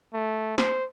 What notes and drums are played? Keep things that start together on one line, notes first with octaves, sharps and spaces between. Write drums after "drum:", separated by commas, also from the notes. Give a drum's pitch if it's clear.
A3
C5, drum: snare